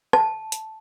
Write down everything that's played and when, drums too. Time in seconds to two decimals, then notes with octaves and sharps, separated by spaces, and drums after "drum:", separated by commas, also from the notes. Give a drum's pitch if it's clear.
0.13 A5, drum: rim click
0.52 drum: hi-hat